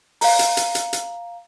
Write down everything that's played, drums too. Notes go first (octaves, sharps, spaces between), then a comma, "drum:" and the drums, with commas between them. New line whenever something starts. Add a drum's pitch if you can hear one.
F5 A#5, drum: open hi-hat
drum: hi-hat
drum: hi-hat
drum: hi-hat
drum: hi-hat